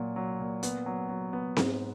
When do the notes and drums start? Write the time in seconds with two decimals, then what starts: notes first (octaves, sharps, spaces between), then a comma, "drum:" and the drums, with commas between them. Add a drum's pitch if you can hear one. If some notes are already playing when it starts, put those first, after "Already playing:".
Already playing: A#2 F#3
0.16 F#3
0.39 A#2
0.63 B3, drum: hi-hat
0.86 F#3
1.09 F#3
1.33 B3
1.57 G#2, drum: snare C4